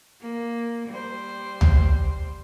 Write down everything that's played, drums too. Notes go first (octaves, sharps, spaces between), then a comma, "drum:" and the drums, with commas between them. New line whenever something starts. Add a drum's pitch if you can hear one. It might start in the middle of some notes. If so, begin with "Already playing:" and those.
A#3
G3 C5
drum: tom B1